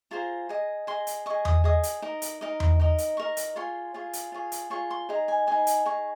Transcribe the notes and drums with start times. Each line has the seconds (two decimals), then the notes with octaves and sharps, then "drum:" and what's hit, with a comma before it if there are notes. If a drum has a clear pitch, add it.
0.11 F4 G#4 C5 A#5
0.49 G#4 D#5
0.87 G#4 D#5 C6
1.07 drum: hi-hat
1.26 G#4 D#5 C#6
1.45 D#6, drum: tom E2
1.64 G#4 D#5 D#6
1.83 drum: hi-hat
2.02 D#4 A#4 D#5
2.22 drum: hi-hat
2.41 D#4 A#4 D#5
2.60 drum: tom E2
2.80 D#4 A#4 D#5
2.98 drum: hi-hat
3.17 D#4 A#4 D#5 C#6
3.37 drum: hi-hat
3.56 F4 G#4 C#5 C6
3.94 F4 G#4 C#5
4.13 drum: hi-hat
4.32 F4 G#4 C#5
4.52 drum: hi-hat
4.70 F4 G#4 C#5 C#6
4.91 C6
5.09 D#4 G#4 D#5 A#5
5.28 G#5
5.47 D#4 G#4 D#5 G#5
5.67 drum: hi-hat
5.86 D#4 G#4 D#5 C#6